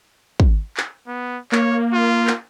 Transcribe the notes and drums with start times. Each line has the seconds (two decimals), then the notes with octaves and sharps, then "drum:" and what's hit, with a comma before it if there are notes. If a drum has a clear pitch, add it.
0.40 drum: kick
0.77 drum: clap
1.08 B3
1.52 A#3 C#5, drum: clap
1.93 F4
2.27 drum: clap